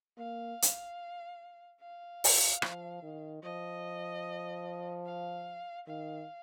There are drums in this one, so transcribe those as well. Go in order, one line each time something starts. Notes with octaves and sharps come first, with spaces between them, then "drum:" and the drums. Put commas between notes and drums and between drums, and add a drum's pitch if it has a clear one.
A#3 F5
drum: hi-hat
F5
drum: open hi-hat
F3, drum: rim click
D#3
F3 D#5
F5
D#3 F5